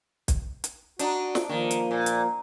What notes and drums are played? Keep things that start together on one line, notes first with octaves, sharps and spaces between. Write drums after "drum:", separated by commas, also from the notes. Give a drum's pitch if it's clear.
drum: kick, hi-hat
drum: hi-hat
D4 D#4 F#4, drum: hi-hat
drum: snare
D#3 F3 A#3
drum: hi-hat
A#2
drum: hi-hat